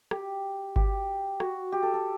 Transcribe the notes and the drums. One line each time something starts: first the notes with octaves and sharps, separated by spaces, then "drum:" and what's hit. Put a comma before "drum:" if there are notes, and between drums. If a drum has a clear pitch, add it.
G4, drum: rim click
G4, drum: kick G1
F#4, drum: rim click
G4
A4
A4